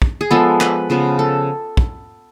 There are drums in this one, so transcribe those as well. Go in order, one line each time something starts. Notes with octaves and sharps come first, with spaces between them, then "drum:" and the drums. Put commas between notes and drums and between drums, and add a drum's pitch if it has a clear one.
drum: kick
G#4
F3 G#3 B3 A4
B4, drum: clap
C#3 F3 B3
A4
drum: kick